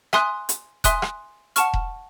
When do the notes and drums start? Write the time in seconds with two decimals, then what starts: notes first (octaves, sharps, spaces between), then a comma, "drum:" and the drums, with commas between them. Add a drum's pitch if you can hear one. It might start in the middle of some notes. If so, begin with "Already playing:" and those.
0.13 E5 G#5 C6 D#6 F#6, drum: rim click
0.49 drum: hi-hat
0.84 E5 G#5 C6 D#6 F#6, drum: kick E1, hi-hat
1.02 drum: rim click
1.56 F#5 A5 C#6 F6, drum: hi-hat
1.73 drum: kick E1